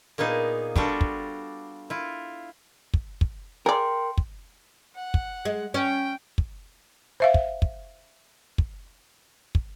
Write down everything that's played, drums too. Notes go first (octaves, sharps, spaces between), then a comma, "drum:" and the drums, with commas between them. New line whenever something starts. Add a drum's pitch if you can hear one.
A#2 A#3 B3 D#4 G#4
G3 D4 F4 F#4 A4, drum: kick
drum: kick
E4 F4
drum: kick
drum: kick
G#4 A#4 D5 G5 C6
drum: kick
F#5
drum: kick
G#3
C#4 G5
drum: kick
C5 E5 F5
drum: kick
drum: kick
drum: kick
drum: kick